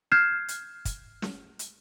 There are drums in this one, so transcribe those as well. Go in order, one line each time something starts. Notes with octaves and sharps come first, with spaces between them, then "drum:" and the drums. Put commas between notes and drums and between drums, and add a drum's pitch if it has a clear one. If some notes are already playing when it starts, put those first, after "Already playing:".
F6 G6 G#6 C7 E7
drum: hi-hat
drum: kick, hi-hat
drum: snare
drum: hi-hat